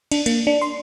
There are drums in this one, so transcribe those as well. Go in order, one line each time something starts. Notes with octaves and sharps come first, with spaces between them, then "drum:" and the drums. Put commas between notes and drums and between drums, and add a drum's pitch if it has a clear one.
D4, drum: cymbal
A#3, drum: cymbal
D4
C6